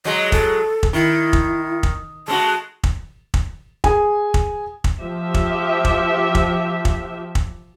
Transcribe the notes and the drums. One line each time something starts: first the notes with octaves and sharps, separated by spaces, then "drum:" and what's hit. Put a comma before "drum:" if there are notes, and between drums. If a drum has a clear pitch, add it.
F#3 G#3 D#5
A4, drum: kick
drum: kick
D#3 E4
drum: kick
drum: kick
G#3 C#4 F#4 A5
drum: kick
drum: kick
G#4 G#5, drum: kick
drum: kick
drum: kick
F3 G4 E5
drum: kick
drum: kick
drum: kick
drum: kick
drum: kick